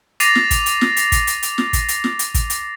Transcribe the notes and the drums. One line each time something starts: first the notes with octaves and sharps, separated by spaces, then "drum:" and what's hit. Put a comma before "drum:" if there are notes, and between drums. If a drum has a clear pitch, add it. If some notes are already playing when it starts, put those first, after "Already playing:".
D6 A6 A#6 C7 D#7 F7, drum: hi-hat
drum: snare
drum: kick, hi-hat
drum: hi-hat
drum: snare
drum: hi-hat
drum: kick, hi-hat
drum: hi-hat
drum: hi-hat
drum: snare
drum: kick, hi-hat
drum: hi-hat
drum: snare
drum: hi-hat
drum: kick, hi-hat
drum: hi-hat